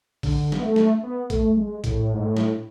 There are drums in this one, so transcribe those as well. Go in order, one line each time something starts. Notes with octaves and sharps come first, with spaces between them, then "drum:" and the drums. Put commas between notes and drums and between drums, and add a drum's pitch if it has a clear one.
D3, drum: kick, open hi-hat
B3, drum: snare
A3
drum: snare
B3
A3, drum: kick, hi-hat
G#3
A2, drum: kick, hi-hat
G#2
A2
drum: snare